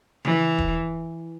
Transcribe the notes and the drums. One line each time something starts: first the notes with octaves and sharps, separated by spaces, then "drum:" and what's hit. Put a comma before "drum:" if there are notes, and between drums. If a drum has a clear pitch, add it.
E3, drum: tom C#3
drum: kick